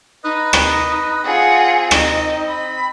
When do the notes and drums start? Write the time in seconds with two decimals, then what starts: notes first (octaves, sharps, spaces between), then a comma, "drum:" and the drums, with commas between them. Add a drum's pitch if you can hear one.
0.24 D#4 B4 D#5
0.53 drum: rim click
1.24 C4 F4 G#4 F#5
1.91 D#4 D#5, drum: rim click
2.46 B5